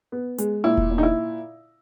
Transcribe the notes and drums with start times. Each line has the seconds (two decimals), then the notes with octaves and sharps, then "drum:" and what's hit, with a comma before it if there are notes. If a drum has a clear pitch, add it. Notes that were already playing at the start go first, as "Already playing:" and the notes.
0.12 B3
0.38 G#3, drum: hi-hat
0.64 A#2 E4
0.77 drum: kick E1
0.90 A#2
0.98 D#4
1.03 E4